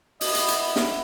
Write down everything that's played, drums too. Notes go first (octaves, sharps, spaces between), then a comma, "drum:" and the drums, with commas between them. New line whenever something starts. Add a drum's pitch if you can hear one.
B3 E4 D#5, drum: open hi-hat
drum: hi-hat
drum: hi-hat
drum: snare